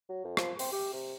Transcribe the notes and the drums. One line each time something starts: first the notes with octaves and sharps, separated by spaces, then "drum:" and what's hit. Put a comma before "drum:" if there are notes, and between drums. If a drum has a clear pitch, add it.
F#3
F2
F3, drum: rim click
C4, drum: open hi-hat
G4
C3